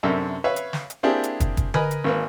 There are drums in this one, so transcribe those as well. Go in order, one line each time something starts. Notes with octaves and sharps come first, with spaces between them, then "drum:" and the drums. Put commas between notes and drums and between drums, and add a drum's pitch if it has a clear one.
F#2 C3 D4 A4 A#4 E5
B4 C#5 E5 F5
drum: hi-hat
drum: snare
drum: hi-hat
A#3 C4 D4 E4 G4 G#4
drum: hi-hat
drum: kick, hi-hat
drum: kick, hi-hat
A#4 B4 D#5 G#5 B5, drum: tom D3
drum: hi-hat
G#1 A#3 B4